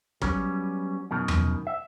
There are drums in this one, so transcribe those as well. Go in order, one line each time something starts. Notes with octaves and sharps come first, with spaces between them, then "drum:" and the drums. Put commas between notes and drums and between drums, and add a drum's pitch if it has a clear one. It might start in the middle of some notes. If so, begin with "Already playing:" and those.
F#3 G3 B3 C#4, drum: kick
F#2 B2 D#3
drum: tom E2
E5